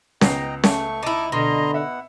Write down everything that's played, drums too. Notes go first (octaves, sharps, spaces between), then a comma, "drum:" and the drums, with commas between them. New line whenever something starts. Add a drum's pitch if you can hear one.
C#2 B3 D#5 G5 A#5 C7, drum: snare C#4
A3 C#6, drum: snare C#4
D#4 E4 A5 D6
B2 D3 D#5 A#5 C6
E5 F#5